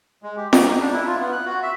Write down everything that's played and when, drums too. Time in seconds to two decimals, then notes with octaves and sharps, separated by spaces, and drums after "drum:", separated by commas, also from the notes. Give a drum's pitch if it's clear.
0.23 G#3
0.37 G4
0.53 G4, drum: snare
0.65 D#4
0.81 D4
0.93 E4
1.07 F4
1.20 B3
1.33 F#6
1.46 F#4
1.63 E5